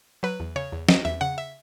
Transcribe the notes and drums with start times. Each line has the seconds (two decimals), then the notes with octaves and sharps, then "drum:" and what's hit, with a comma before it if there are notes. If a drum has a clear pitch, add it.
0.23 F#3 B4
0.40 E2
0.56 C#3 C#5
0.72 E2
0.89 F#3 D#5, drum: snare
1.05 E2 E5
1.21 C#3 F#5
1.38 E5